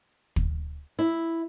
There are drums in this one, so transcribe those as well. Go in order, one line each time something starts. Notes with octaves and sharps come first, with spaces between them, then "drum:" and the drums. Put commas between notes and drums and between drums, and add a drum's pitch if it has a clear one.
drum: kick
E4